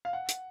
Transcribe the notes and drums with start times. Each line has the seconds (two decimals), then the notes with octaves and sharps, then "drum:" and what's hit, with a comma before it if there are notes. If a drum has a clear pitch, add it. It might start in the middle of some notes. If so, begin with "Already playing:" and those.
0.05 F5
0.13 F#5
0.29 drum: hi-hat